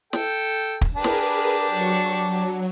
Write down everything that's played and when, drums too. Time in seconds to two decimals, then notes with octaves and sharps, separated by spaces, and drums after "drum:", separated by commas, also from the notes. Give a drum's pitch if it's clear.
0.13 A4 G5, drum: snare
0.81 drum: kick
0.95 D4 G4 G#4 A#4 B4
1.04 drum: snare
1.68 F#3 C#6
2.27 F#3